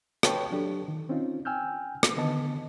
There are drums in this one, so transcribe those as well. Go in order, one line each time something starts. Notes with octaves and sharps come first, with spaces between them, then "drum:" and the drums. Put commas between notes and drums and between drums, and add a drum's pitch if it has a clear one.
A4 B4 C#5 G5 A5 C#6, drum: rim click
F#3 D4 G4 A4
D#3
C4 C#4 D#4 F4
G5 G#5 E6 F6 G6
drum: rim click
D3 D#3 B3 D#5 A5